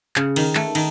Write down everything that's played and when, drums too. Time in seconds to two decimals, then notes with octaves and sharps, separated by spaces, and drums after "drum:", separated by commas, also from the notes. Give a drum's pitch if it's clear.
0.16 C#3, drum: clap
0.36 D#3, drum: cymbal
0.55 A3, drum: clap
0.75 D#3, drum: cymbal